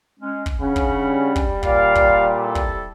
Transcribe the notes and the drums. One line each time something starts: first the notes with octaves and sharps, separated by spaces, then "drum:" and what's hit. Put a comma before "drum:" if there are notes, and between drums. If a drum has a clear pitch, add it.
G#3 C#4
drum: kick
C#3 C#4 D4 C#5 F#5 B5
drum: kick
G3
drum: kick
A#2 D5 F5, drum: kick
drum: kick
C4 E4 A4
drum: kick